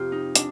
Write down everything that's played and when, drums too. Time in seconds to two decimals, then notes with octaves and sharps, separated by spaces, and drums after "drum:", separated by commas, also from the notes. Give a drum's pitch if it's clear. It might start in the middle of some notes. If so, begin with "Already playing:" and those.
Already playing: F2 C3 F3 F4 G4
0.12 D#4
0.35 D4, drum: hi-hat